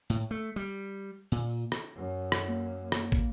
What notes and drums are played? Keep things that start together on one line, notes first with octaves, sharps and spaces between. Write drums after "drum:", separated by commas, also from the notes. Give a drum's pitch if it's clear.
A2
A3
G3
A#2
drum: rim click
F#2
drum: rim click
A#3
drum: rim click
drum: kick